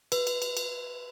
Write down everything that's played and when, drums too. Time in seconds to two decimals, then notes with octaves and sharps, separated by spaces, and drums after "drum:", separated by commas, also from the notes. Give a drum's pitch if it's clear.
0.12 B4, drum: cymbal
0.27 drum: cymbal
0.42 drum: cymbal
0.57 drum: cymbal